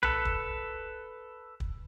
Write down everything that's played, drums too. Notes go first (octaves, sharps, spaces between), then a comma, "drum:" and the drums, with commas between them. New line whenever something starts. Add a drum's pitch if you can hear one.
A4 B4, drum: tom B1
drum: kick
drum: kick